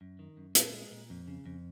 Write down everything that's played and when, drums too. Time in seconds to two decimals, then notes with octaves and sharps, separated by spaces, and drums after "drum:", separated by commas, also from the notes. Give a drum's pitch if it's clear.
0.01 F#2
0.19 D#3
0.37 F#2
0.55 A#2, drum: hi-hat
0.73 G#3
0.91 A#2
1.10 F2
1.28 C#3
1.46 F2